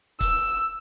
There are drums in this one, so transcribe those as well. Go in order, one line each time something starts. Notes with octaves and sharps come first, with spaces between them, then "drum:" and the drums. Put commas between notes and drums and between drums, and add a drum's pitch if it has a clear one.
E6, drum: kick C#1, hi-hat